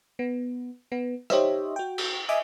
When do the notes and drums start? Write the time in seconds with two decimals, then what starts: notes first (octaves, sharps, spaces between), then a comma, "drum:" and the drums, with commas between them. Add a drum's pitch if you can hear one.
0.19 B3
0.92 B3
1.30 D#4 G4 C5 C#5 D#5 E5, drum: rim click
1.76 F#4 G5
1.98 drum: cymbal
2.29 D#5 E5 G#5 D6 D#6